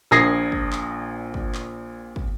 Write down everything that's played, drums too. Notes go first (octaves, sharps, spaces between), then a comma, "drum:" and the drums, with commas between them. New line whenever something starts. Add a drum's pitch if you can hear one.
A#1 A#2 D#6 G#6 A#6 C7
drum: kick
drum: clap
drum: kick
drum: clap
drum: kick